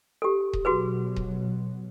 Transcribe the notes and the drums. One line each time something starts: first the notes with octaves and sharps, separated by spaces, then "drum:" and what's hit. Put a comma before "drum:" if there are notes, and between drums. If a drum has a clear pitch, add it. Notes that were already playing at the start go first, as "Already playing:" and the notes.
G4 A4
drum: kick D#1
B2 F#3 F#4 G#4 B4
drum: kick D#1